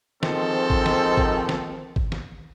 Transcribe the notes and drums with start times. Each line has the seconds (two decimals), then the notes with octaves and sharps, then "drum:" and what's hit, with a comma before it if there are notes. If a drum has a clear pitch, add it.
0.23 G#2 D#3 F3 C4 A4, drum: snare
0.70 drum: kick G#1
0.86 drum: snare
1.17 drum: kick G#1
1.49 drum: snare
1.96 drum: kick G#1
2.12 drum: snare